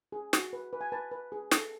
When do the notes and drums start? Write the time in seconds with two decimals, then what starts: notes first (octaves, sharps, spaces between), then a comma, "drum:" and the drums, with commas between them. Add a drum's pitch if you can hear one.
0.12 G#4
0.33 F#4, drum: snare
0.53 B4
0.73 B4
0.81 G#5
0.92 B4 A5
1.11 B4
1.32 G#4
1.52 A4, drum: snare